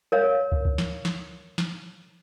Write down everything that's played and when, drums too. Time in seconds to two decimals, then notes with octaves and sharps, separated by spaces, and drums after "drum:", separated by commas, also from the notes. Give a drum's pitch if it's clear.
0.12 A#4 C#5 F5
0.52 drum: kick
0.65 drum: kick
0.78 drum: snare
1.05 drum: snare
1.58 drum: snare